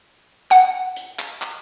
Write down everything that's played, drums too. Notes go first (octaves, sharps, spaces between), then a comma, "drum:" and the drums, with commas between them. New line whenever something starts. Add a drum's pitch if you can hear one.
F#5, drum: clap
drum: hi-hat
drum: clap
drum: clap